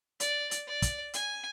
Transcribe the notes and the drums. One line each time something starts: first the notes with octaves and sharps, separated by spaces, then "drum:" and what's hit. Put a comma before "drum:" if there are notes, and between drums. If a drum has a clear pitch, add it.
D5, drum: hi-hat
drum: hi-hat
D5
drum: kick, hi-hat
G#5, drum: hi-hat